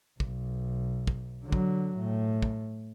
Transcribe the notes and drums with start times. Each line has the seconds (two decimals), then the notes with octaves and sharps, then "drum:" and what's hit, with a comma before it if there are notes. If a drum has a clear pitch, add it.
0.20 B1, drum: kick
1.07 drum: kick
1.43 D3 F#3
1.52 drum: kick
1.97 A2
2.42 drum: kick